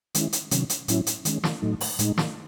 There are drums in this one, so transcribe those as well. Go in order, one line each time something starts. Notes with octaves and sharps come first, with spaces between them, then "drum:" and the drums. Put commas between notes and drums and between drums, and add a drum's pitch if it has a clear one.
D#3 G#3 C#4 E4, drum: hi-hat
drum: hi-hat
C3 D#3 F#3 C#4, drum: hi-hat
drum: hi-hat
A2 F#3 C#4 E4, drum: hi-hat
drum: hi-hat
D#3 G#3 C#4, drum: hi-hat
drum: snare
A2 F#3 A3 D#4
drum: open hi-hat
A2 G#3 D#4, drum: hi-hat
drum: snare